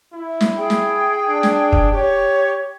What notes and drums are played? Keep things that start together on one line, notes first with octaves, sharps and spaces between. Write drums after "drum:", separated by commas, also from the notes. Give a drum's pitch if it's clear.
E4
drum: snare
G#4 G5
drum: snare
D4
drum: snare
drum: kick
G4 C#5